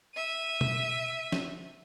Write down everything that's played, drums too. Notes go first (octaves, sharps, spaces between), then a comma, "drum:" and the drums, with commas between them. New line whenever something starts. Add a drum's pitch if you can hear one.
E5 D#7
drum: tom B2
drum: snare